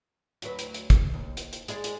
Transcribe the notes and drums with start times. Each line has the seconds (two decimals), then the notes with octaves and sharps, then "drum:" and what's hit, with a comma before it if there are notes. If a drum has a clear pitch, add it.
0.42 D2 F#3 B4, drum: hi-hat
0.59 drum: hi-hat
0.74 drum: hi-hat
0.90 drum: kick, hi-hat
1.14 D#2
1.37 drum: hi-hat
1.53 drum: hi-hat
1.68 G#3 G#4 D5, drum: hi-hat
1.84 drum: hi-hat